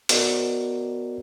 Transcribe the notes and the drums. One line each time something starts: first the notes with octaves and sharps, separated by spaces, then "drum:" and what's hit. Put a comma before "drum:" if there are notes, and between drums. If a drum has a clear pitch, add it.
B3 F#4 A#4 C5 D5 D#5, drum: hi-hat